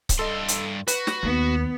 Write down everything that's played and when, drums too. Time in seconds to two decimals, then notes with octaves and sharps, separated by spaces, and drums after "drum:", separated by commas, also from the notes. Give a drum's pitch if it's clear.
0.09 drum: kick C#1, hi-hat
0.19 G2 A4 D#5 C6
0.48 drum: hi-hat
0.88 F#4 B4, drum: hi-hat
1.07 drum: snare
1.23 D#2 B3